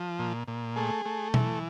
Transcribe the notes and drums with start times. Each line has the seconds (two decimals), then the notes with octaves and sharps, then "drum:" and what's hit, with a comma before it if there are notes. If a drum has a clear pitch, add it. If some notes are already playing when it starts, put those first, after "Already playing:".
Already playing: F3
0.19 A#2
0.48 A#2
0.76 A3 G#4
1.06 A3
1.34 E3, drum: tom B2